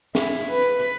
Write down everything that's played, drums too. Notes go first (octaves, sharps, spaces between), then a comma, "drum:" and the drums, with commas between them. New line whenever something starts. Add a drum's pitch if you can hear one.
E4, drum: snare
B4